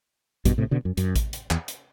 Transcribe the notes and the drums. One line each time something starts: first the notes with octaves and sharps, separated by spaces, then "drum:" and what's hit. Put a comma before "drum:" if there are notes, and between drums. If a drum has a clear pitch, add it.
G2 B2, drum: kick A1, hi-hat
A2 C3
B2 D3
F#2
F#2, drum: hi-hat
drum: kick A1, hi-hat
drum: hi-hat
E2, drum: clap
drum: hi-hat